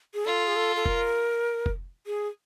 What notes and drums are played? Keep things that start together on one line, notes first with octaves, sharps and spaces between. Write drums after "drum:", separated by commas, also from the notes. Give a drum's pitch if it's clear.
G#4
F4 A4
G#4
A4
A4
A#4, drum: kick F1
drum: kick F1
G#4